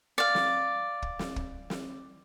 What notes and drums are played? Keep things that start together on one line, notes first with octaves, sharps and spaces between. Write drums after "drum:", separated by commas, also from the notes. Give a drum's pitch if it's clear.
D5 F5
drum: snare
drum: kick
drum: snare
drum: kick
drum: snare